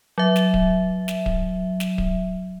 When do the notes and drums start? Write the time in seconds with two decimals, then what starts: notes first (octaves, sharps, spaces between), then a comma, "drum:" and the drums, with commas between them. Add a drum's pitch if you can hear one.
0.18 F#3 E5
0.36 drum: snare
0.54 drum: kick D1
1.08 drum: snare
1.26 drum: kick D1
1.80 drum: snare
1.98 drum: kick D1